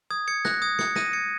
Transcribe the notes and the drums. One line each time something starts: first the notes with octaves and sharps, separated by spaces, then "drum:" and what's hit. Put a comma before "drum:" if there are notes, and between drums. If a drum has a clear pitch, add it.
D#6 G#6
G#6 C#7
F#6 A#6, drum: snare
D#6 G#6
G#6 C#7, drum: snare
A#6 D#7, drum: snare
G#6 C#7